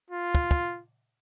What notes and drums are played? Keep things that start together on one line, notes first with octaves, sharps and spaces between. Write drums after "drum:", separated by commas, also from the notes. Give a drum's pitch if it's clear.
F4
drum: kick
drum: kick